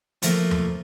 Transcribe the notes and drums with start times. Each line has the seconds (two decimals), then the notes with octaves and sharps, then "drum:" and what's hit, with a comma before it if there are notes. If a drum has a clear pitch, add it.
0.22 F3 A3 A#3, drum: hi-hat
0.51 drum: tom E2